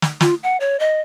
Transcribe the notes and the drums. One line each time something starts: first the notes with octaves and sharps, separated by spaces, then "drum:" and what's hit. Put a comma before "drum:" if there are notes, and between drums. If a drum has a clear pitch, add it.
drum: snare
F4, drum: snare
F#5
C#5
D#5